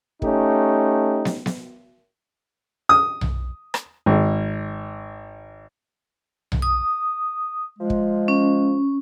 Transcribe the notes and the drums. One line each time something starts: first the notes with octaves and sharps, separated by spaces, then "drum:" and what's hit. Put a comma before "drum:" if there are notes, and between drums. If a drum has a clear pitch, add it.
A3 C#4 D#4 G4, drum: kick
drum: snare
drum: snare
D#6
drum: tom B1
drum: rim click
G#1
drum: tom B1
D#6
F3 G#3
drum: kick
C#4